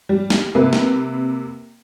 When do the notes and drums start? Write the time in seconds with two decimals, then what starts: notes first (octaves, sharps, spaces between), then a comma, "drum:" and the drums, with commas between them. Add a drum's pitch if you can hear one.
0.09 G3
0.30 drum: snare
0.55 C3 A#3 B4
0.73 drum: snare